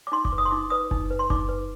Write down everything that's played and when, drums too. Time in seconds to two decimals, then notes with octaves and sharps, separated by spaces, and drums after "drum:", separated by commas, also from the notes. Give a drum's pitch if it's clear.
0.07 D6
0.12 D#4 C6
0.25 D6, drum: kick F#1
0.32 B4
0.38 D#6
0.45 C6
0.51 D#4 D6
0.70 B4 D#6
0.91 D#4, drum: kick F#1
1.11 B4
1.19 C6
1.30 D#4 D6, drum: kick F#1
1.49 B4